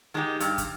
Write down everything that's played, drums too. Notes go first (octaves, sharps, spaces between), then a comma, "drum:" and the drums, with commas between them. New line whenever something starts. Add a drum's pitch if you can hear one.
D#3 G#3 D#4 G4
G2, drum: hi-hat
drum: kick, hi-hat